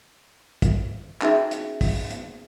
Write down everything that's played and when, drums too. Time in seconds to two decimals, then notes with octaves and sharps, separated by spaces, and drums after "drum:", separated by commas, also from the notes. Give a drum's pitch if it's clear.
0.62 drum: kick, hi-hat
1.22 C#4 D#4 F#4 G#4 E5, drum: clap
1.51 drum: hi-hat
1.81 drum: kick, open hi-hat
2.11 drum: hi-hat